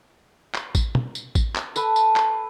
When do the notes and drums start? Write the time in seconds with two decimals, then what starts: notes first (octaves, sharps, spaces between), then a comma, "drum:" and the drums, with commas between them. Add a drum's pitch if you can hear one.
0.55 drum: clap
0.75 drum: kick A1, tambourine
0.95 drum: tom
1.15 drum: tambourine
1.35 drum: kick A1, tambourine
1.56 drum: clap
1.76 A4 B4 A5, drum: tambourine
1.96 drum: tambourine
2.16 drum: clap